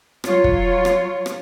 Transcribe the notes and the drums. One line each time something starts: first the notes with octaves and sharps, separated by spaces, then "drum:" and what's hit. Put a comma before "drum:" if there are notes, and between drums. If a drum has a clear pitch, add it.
F#3 F4 C#5, drum: rim click
drum: kick
drum: rim click
drum: rim click